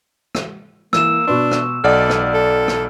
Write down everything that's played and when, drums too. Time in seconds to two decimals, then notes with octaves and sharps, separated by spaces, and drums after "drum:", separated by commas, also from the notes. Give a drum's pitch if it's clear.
0.35 drum: rim click
0.93 E3 A#3 E6 E7, drum: rim click
1.27 B2 D4 B4 C6
1.51 drum: rim click
1.84 B1 A4 D5 D#5 F#5 D#6 F6
2.10 drum: rim click
2.34 A4
2.68 drum: rim click